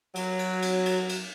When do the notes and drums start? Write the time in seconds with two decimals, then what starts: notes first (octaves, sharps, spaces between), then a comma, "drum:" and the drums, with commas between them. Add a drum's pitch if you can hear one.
0.15 F#3, drum: cymbal
0.39 drum: cymbal
0.62 drum: cymbal
0.86 drum: cymbal
1.09 drum: cymbal